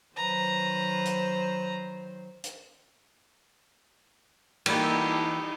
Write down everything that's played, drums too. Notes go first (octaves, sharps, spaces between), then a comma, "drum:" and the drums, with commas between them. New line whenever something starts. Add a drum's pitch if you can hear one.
D#3 F#3 B4 C5 A#5
drum: hi-hat
drum: hi-hat
E3 G3 A#3 D#4 E4 F#4 G4 A4, drum: cymbal